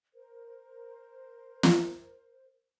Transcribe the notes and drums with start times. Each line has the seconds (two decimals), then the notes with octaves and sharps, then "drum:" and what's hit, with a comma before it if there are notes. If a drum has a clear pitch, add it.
0.14 A#4 C5
1.63 drum: snare